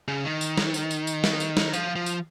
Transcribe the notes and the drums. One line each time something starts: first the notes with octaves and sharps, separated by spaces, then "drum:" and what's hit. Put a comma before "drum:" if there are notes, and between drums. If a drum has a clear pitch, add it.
C#3
D#3
drum: tambourine
drum: snare
drum: tambourine
drum: tambourine
drum: tambourine
drum: snare
drum: tambourine
drum: snare
F3, drum: tambourine
F3
drum: tambourine